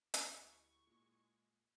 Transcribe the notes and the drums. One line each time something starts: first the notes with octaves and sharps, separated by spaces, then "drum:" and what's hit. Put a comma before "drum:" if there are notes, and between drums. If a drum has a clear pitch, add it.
D2 G#3 B3 E4 G4 G#5 C#6, drum: hi-hat
A#2 G#3